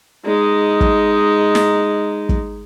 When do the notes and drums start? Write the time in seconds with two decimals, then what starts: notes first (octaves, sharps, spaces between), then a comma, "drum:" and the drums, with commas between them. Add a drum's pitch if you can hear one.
0.25 G#3 D#4
0.81 drum: kick
1.55 drum: snare
2.29 drum: kick